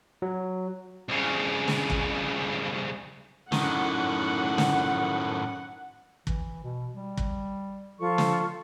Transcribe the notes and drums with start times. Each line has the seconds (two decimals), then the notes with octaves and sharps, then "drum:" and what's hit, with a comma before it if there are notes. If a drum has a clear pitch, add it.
0.22 F#3
1.09 C2 C#3
1.68 drum: snare
1.90 drum: kick
3.52 F#2 A2 D#3 F#5, drum: snare
4.58 drum: snare
6.27 E3, drum: kick
6.64 B2
6.93 G3
7.17 drum: kick
7.99 F3 F4 A4 C#6
8.18 drum: snare